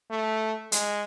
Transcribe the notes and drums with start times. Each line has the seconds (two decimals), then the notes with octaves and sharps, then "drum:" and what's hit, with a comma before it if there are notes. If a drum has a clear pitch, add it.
0.11 A3
0.72 G#3, drum: hi-hat